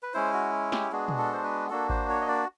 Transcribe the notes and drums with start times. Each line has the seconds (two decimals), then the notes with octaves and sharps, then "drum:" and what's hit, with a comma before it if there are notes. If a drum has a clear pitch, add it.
0.03 B4
0.14 G#3 C#4 E4 C5
0.33 F#4
0.72 G4, drum: snare
0.92 G#3 B3 D4 F#4 G#4
1.08 drum: tom
1.18 A4
1.33 C5
1.44 B4
1.70 A#3 D4 F#4 A4
1.89 C5, drum: kick G#1
2.09 C#5
2.21 D#5
2.28 D5